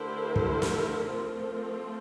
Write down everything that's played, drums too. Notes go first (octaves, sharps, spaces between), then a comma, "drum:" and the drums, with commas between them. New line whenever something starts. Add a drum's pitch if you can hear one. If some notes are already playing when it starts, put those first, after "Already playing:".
Already playing: D3 A3 E4 G4 A#4 C5
drum: kick
drum: snare
F3 A3 C4 F4